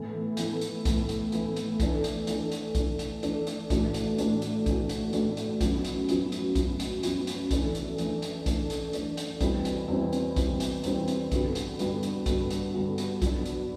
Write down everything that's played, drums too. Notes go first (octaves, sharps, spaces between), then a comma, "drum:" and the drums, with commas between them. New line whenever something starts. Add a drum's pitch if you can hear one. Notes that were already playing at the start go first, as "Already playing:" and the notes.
Already playing: A2 E3 B3 E4 A4
A2 E3 B3 E4 A4, drum: hi-hat
drum: hi-hat
A2 E3 B3 E4 A4, drum: kick, hi-hat
drum: hi-hat
A2 E3 B3 E4 A4, drum: hi-hat
drum: hi-hat
E3 A3 D4 A4, drum: kick, hi-hat
drum: hi-hat
E3 A3 D4 A4, drum: hi-hat
drum: hi-hat
E3 A3 D4 A4, drum: kick, hi-hat
drum: hi-hat
E3 A3 D4 A4, drum: hi-hat
drum: hi-hat
A2 E3 A3 D4 F#4, drum: kick, hi-hat
drum: hi-hat
A2 E3 A3 D4 F#4, drum: hi-hat
drum: hi-hat
A2 E3 A3 D4 F#4, drum: kick, hi-hat
drum: hi-hat
A2 E3 A3 D4 F#4, drum: hi-hat
drum: hi-hat
F#2 F#3 B3, drum: kick, hi-hat
drum: hi-hat
F#2 F#3 B3, drum: hi-hat
drum: hi-hat
F#2 F#3 B3, drum: kick, hi-hat
drum: hi-hat
F#2 F#3 B3, drum: hi-hat
drum: hi-hat
E3 A3 D4 A4, drum: kick, hi-hat
drum: hi-hat
E3 A3 D4 A4, drum: hi-hat
drum: hi-hat
E3 A3 D4 A4, drum: kick, hi-hat
drum: hi-hat
E3 A3 D4 A4, drum: hi-hat
drum: hi-hat
E2 B2 G3 C4 E4, drum: kick, hi-hat
drum: hi-hat
E2 B2 G3 C4 E4
drum: hi-hat
E2 B2 G3 C4 E4, drum: kick, hi-hat
drum: hi-hat
E2 B2 G3 C4 E4, drum: hi-hat
drum: hi-hat
G2 D3 G3 B3 F#4, drum: kick, hi-hat
drum: hi-hat
G2 D3 G3 B3 F#4, drum: hi-hat
drum: hi-hat
G2 D3 G3 B3 F#4, drum: kick, hi-hat
drum: hi-hat
G2 D3 G3 B3 F#4
drum: hi-hat
F#3 B3 D4, drum: kick, hi-hat
drum: hi-hat